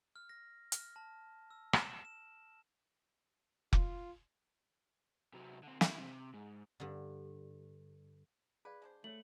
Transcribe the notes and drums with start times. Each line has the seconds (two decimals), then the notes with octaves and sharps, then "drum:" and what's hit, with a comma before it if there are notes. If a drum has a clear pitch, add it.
0.16 F6
0.29 A#6
0.72 F6, drum: hi-hat
0.96 A5
1.51 E6
1.73 E7, drum: rim click
2.05 E7
3.73 F4, drum: kick F1
5.33 C3 F#3
5.63 D3 C4
5.81 E4, drum: snare
5.98 C3
6.34 G#2
6.80 G2 D3
8.65 G#4 B4 D5 F5
8.82 G#3 D4 C5
9.04 A3 C#5 B5 F#7